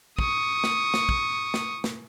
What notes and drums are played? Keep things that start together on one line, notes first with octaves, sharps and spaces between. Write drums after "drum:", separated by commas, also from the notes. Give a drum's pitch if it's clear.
C#6 D#6, drum: kick
drum: snare
drum: snare
drum: kick
drum: snare
drum: snare